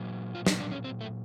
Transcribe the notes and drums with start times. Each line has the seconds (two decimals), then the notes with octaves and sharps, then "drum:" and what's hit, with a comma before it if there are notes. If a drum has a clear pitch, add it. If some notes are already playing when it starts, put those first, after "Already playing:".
Already playing: A#2 F#3
0.35 F4
0.46 D#4, drum: snare
0.60 D4
0.72 C#4
0.84 C4
1.01 A3